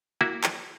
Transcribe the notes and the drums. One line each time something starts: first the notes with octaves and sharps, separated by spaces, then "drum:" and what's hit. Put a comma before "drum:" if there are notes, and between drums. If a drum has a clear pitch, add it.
A#3 E4 F#4
drum: clap